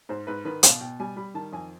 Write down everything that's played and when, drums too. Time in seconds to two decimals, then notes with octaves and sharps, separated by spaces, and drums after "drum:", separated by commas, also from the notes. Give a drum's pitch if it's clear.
0.09 G#2 C5
0.27 G#2 B4
0.45 D#3 B4
0.63 B2 F5, drum: hi-hat
0.81 B2 G5
1.00 G3 G#5
1.17 G3 B5
1.34 D#3 A5
1.52 F2 G#5